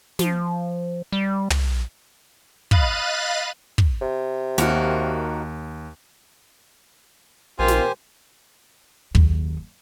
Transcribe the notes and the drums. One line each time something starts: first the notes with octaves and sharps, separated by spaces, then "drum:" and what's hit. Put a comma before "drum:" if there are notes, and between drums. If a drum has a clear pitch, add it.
F3, drum: snare
G3
drum: tom
D#5 F5 B5 F#6 A6 D#7, drum: kick
drum: kick
C3
D#2 D#3 A#3 F#4, drum: snare
A#1 A#2 D#3 C4 F4 G4 C5 G#5
drum: snare
F#1 D#2, drum: kick